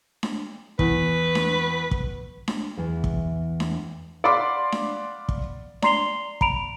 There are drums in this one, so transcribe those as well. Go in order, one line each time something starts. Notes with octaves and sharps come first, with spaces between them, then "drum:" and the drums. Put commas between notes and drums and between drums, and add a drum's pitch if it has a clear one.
drum: snare D4
E2 B4, drum: kick
drum: snare D4
drum: kick
drum: snare D4
E2 E3
drum: kick
drum: snare D4
D5 F5 F#5 B5 C6 D6
drum: snare D4
drum: kick
D5 A#5 C6 C7 F7 G7, drum: snare D4
A#5 B5 D7 F7, drum: kick